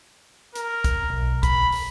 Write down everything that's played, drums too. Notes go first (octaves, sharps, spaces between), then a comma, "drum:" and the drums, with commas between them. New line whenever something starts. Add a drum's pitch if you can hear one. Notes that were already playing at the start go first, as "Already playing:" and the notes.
A#4, drum: hi-hat
drum: kick, hi-hat
B1
B5, drum: kick, hi-hat
drum: open hi-hat